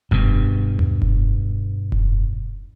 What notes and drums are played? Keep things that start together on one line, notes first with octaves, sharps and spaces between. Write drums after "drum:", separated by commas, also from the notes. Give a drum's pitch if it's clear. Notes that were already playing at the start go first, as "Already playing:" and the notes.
G2 B2, drum: kick F1
drum: tom D#2
drum: kick F1
drum: kick F1